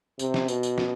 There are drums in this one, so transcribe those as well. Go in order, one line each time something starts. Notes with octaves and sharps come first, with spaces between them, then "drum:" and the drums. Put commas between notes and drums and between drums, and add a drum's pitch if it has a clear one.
C3, drum: tambourine
drum: snare
B2, drum: tambourine
drum: tambourine
drum: snare